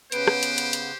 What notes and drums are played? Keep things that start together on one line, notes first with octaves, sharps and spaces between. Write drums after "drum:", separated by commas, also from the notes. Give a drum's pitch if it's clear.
C#3 B3 G4 B4 C5 D7, drum: hi-hat
drum: rim click
drum: hi-hat
drum: hi-hat
drum: hi-hat